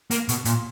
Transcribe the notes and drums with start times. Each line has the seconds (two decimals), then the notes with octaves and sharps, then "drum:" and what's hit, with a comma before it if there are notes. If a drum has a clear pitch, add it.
0.11 A#3, drum: hi-hat
0.29 B2, drum: hi-hat
0.45 A#2, drum: hi-hat